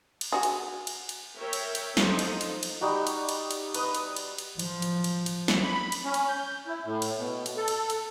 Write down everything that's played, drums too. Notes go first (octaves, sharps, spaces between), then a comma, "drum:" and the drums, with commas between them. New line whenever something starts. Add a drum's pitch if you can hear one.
drum: cymbal
F#4 G#4
drum: cymbal
drum: cymbal
drum: cymbal
A#4 C#5 E5 G5
drum: cymbal
drum: cymbal
F3 D#4 A4 C5 D#5, drum: snare
drum: cymbal
drum: cymbal
drum: cymbal
G3 D#4 F#4
drum: cymbal
drum: cymbal
drum: cymbal
B4 D#5, drum: cymbal
drum: cymbal
drum: cymbal
drum: cymbal
F3, drum: cymbal
drum: cymbal
drum: cymbal
drum: cymbal
drum: snare
B5
drum: cymbal
C#4
drum: cymbal
G6
E4
A2
drum: cymbal
B2
drum: cymbal
A4
drum: cymbal
drum: cymbal